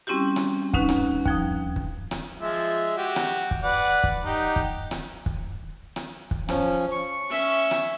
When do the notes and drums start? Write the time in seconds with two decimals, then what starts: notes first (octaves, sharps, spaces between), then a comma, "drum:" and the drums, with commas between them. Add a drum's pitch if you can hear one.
0.07 G3 C4 C#4 E4 F#4 G4
0.36 drum: rim click
0.74 D2 C#4 D#4 B4 F#6, drum: kick
0.89 drum: rim click
1.26 D#2 F3 D#6, drum: kick
1.76 drum: kick
2.11 drum: rim click
2.39 F3 G#3 E5
2.97 F#4 G4
3.16 drum: rim click
3.51 drum: kick
3.63 B4 D5 F#5
4.04 drum: kick
4.25 D#4 G4 F#5
4.56 drum: kick
4.91 drum: rim click
5.26 drum: kick
5.96 drum: rim click
6.31 drum: kick
6.48 F3 C#4, drum: rim click
6.92 C#6
7.30 C#4 E5
7.71 drum: rim click